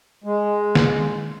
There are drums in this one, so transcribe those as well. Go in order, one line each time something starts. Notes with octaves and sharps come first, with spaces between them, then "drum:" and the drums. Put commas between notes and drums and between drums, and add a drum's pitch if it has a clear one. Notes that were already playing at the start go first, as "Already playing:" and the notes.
G#3
drum: snare